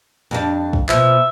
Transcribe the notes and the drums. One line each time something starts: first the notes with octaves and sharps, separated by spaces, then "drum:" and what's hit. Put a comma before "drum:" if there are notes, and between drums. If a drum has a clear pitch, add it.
F2 G3 D4
drum: kick
B2 F3 E5, drum: clap